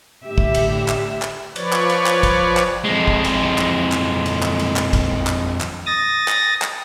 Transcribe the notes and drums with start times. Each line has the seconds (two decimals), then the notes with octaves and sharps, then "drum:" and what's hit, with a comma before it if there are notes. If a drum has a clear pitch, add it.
0.24 A2 D3 G4 E5
0.38 drum: kick
0.55 drum: cymbal
0.88 drum: clap
1.22 drum: clap
1.56 F3 B4 C#5 D5, drum: cymbal
1.73 drum: clap
1.89 drum: cymbal
2.06 drum: clap
2.23 drum: kick, cymbal
2.57 drum: clap
2.85 F2 G#3
3.08 drum: kick
3.24 drum: cymbal
3.58 drum: clap
3.92 drum: clap
4.26 drum: cymbal
4.43 drum: clap
4.59 drum: cymbal
4.76 drum: clap
4.93 drum: kick, cymbal
5.27 drum: clap
5.61 drum: clap
5.86 D#6 A6 A#6
6.28 drum: clap
6.62 drum: clap